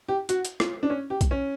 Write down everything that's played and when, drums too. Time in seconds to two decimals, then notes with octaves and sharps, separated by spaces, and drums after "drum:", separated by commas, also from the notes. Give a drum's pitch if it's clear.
0.09 G4
0.29 F#4, drum: hi-hat
0.45 drum: hi-hat
0.60 F4, drum: rim click
0.83 D4
0.90 C#4
1.10 G4
1.21 drum: kick B1, hi-hat
1.31 C#4